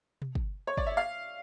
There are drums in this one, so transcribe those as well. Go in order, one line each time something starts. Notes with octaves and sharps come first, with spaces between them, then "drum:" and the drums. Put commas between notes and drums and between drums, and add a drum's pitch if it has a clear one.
drum: tom B2
drum: kick
C#5
D5, drum: kick
E5
F5